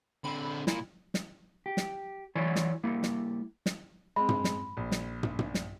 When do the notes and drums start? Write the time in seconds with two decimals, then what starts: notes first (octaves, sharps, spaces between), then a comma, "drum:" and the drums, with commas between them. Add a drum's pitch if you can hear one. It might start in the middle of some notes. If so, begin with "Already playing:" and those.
0.24 D3 C4 B5
0.67 A#2 E4, drum: snare
1.14 drum: snare
1.66 G4
1.77 drum: snare
2.35 E3 F#3 E4 C#5 D5 G#5
2.56 drum: snare
2.84 G3 A#3 E4
3.03 drum: snare
3.66 drum: snare
4.16 G#3 C4 B5
4.29 drum: tom
4.44 drum: snare
4.77 A#1
4.92 drum: snare
5.23 drum: tom
5.39 drum: tom
5.54 drum: snare